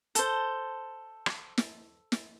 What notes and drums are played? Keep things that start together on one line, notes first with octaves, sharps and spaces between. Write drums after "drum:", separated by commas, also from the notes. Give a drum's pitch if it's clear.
A4 C5, drum: hi-hat
drum: rim click
drum: snare
drum: snare